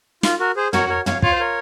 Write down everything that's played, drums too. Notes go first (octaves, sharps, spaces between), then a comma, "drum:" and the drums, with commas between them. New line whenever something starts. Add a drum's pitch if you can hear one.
F4, drum: snare
F#4 A#4
G#4 C5
F#4 A#4 C#5, drum: tom
A#4 C#5
C#5 F5, drum: tom
F4 C#5, drum: kick
C5
A#4 C#5